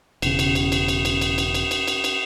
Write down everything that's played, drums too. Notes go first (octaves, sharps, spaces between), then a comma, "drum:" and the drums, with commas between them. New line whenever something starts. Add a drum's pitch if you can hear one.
E1 C#3, drum: cymbal
drum: cymbal
drum: cymbal
drum: cymbal
drum: cymbal
drum: cymbal
drum: cymbal
drum: cymbal
drum: cymbal
drum: cymbal
drum: cymbal
drum: cymbal